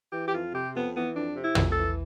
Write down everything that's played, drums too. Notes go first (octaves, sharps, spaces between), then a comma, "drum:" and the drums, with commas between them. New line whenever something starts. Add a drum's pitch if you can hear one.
E3 G4
G4
F2 F4
C3 G4
F2 B3
E3 B3
F2 D4
C3
E4
F2, drum: tom
A4
E3